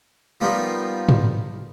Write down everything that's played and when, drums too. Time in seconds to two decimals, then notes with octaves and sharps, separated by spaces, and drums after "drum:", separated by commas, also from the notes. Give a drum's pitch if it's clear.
0.41 F3 G3 A#3 B3 D#4 F4
1.09 drum: tom G#2